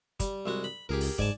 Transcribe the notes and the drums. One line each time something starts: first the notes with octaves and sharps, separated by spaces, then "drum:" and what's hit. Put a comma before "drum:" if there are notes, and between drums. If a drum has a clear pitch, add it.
G3, drum: kick, hi-hat
C2 G#3 F#4
B5
C#2 G4 G#4 A#4
drum: open hi-hat
G#2 D5 G#5 A5, drum: kick